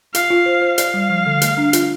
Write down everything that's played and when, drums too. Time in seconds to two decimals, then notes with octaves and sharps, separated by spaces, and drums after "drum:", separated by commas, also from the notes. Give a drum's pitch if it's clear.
0.15 F4 F5, drum: hi-hat
0.30 F4
0.46 C5
0.62 C5
0.78 D5 F5, drum: hi-hat
0.94 G3
1.09 F3
1.26 D3
1.42 A3, drum: hi-hat
1.57 D4
1.73 F4, drum: hi-hat